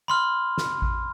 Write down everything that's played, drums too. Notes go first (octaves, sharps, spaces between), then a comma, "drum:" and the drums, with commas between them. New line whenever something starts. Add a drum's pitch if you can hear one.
B5 C6 F6
drum: snare
drum: kick A1